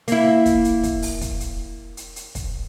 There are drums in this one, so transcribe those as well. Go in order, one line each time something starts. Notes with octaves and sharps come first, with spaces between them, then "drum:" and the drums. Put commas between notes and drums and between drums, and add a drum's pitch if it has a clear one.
A#3 E4, drum: hi-hat
drum: kick, hi-hat
drum: hi-hat
drum: kick, hi-hat
drum: open hi-hat
drum: kick, hi-hat
drum: hi-hat
drum: hi-hat
drum: hi-hat
drum: kick, hi-hat